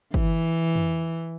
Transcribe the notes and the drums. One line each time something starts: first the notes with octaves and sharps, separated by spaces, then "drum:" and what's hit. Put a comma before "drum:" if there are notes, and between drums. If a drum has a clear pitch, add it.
E3, drum: kick
drum: tom